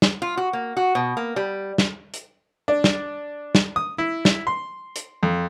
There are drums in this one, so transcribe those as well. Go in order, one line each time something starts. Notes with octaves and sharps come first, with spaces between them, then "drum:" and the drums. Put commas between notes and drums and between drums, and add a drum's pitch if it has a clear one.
drum: snare
F4
F#4
A#3
F#4
B2
A#3
G3
drum: snare
drum: hi-hat
D4
drum: snare
drum: snare
D#6
E4
drum: snare
C6
drum: hi-hat
F2